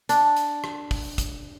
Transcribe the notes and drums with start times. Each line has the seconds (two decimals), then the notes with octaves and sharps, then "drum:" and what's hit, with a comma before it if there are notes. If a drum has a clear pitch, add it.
0.09 D4, drum: hi-hat
0.36 drum: hi-hat
0.64 drum: rim click
0.91 drum: kick, open hi-hat
1.18 drum: kick, hi-hat